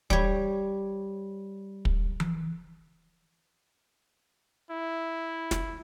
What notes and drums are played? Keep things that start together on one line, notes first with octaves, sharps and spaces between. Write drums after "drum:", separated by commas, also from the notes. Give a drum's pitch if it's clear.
G3 C#5, drum: kick
drum: kick
drum: tom E3
E4
drum: snare